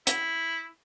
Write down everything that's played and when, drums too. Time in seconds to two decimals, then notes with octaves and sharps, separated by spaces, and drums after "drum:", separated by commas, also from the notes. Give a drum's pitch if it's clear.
0.07 E4, drum: hi-hat